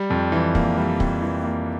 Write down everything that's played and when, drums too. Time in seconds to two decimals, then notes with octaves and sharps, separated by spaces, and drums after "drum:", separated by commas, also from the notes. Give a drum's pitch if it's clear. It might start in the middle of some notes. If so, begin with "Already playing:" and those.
Already playing: G3
0.10 F2
0.32 E3
0.55 A#3, drum: kick
0.78 G3
1.00 F2, drum: kick
1.22 E3
1.44 A#3